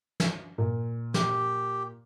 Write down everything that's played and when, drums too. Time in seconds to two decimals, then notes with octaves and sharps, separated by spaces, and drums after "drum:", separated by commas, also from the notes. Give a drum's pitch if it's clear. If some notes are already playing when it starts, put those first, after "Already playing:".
0.20 drum: snare
0.58 A#2
1.14 G4, drum: snare